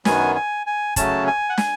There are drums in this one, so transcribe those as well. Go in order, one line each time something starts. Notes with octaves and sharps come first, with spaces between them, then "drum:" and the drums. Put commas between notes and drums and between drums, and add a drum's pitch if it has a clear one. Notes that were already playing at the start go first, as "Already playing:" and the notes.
F#2 D#3 F#3 B3 G#5, drum: snare
G#5
G#5
C#3 F#3 A3 C#4 A5, drum: kick, hi-hat
G#5
F#5
G#5, drum: snare